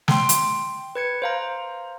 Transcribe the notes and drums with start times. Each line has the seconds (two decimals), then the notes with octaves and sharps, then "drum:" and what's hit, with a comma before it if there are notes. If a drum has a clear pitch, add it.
0.08 G5 C6, drum: snare
0.29 drum: hi-hat
0.95 B4 G#6 C#7
1.22 C5 F5 A#5